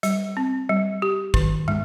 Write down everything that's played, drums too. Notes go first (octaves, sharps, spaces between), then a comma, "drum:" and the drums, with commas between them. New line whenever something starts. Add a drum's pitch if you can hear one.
G3, drum: hi-hat
C4
G3
G4
D#3, drum: kick
G#3, drum: tom